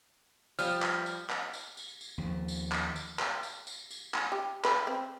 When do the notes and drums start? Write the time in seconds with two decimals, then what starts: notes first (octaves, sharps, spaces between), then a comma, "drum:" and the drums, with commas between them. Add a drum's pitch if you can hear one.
0.59 F3 G3 F6, drum: tambourine
0.82 drum: clap
1.06 drum: tambourine
1.30 drum: clap
1.53 drum: tambourine
1.77 drum: tambourine
2.01 drum: tambourine
2.18 D#2 F3
2.48 drum: tambourine
2.72 drum: clap
2.96 drum: tambourine
3.19 drum: clap
3.43 drum: tambourine
3.67 drum: tambourine
3.90 drum: tambourine
4.14 drum: clap
4.32 G4
4.65 B4, drum: clap
4.87 C4